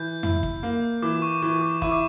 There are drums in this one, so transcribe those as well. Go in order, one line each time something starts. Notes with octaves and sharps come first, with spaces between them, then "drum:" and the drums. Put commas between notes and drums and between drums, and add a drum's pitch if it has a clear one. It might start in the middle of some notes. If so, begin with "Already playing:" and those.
Already playing: E3 G6
E4, drum: tom F2
drum: kick
A#3
E3 D6
C#6
E3 C#6
D6
E4 C#6, drum: kick
D6